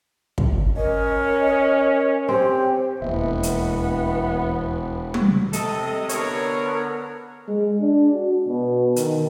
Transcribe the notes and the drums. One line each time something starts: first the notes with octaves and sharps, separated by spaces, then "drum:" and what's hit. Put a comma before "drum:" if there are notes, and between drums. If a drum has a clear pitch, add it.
drum: kick
C#4 A#4 D#5
C4 G4 G5
E1 D#2 E3 B3 D#5 E5
drum: hi-hat
drum: tom
C3 A4 D#5, drum: hi-hat
D3 B3 A#4 C#5, drum: hi-hat
G#3
D4
F#4
B2
D#3, drum: hi-hat